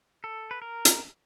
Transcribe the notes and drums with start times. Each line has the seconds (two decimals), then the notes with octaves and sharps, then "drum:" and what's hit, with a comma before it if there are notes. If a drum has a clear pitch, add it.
0.24 A4
0.51 B4
0.62 A#4
0.85 drum: hi-hat